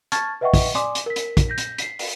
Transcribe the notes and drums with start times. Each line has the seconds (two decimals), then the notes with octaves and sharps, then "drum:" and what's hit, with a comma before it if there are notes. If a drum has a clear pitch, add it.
0.12 A5 C#6 F6 G#6 A6, drum: hi-hat
0.41 B4 D#5 E5 F#5 G5 C#6
0.54 drum: kick, open hi-hat
0.75 D5 G#5 C6 D6 D#6, drum: hi-hat
0.95 drum: hi-hat
1.06 A#4 B6
1.16 drum: hi-hat
1.37 drum: kick, hi-hat
1.49 G6 A#6 B6
1.58 drum: hi-hat
1.78 B6 C7, drum: hi-hat
1.99 drum: open hi-hat